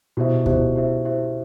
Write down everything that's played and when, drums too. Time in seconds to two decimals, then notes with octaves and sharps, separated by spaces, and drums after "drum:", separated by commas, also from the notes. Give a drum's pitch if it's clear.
0.17 B2 E4 G4 C5 E5
0.46 B2 E4 G4 C5 E5, drum: kick D2
0.76 E4 G4 C5 E5
1.05 E4 G4 C5 E5